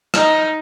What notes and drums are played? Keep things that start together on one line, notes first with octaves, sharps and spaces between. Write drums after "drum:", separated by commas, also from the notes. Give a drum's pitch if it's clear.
D#4, drum: rim click